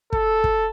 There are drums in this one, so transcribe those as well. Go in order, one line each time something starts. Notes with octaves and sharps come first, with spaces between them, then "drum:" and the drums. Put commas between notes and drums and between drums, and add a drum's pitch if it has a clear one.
A4, drum: kick
drum: kick